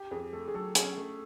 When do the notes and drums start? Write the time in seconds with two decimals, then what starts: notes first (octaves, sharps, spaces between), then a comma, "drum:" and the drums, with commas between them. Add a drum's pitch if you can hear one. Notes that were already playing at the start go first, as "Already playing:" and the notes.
Already playing: G4
0.11 F2 G#4
0.33 A3 A4
0.48 G#4
0.54 F#3 A4
0.75 C#4 G#4, drum: hi-hat
0.97 A3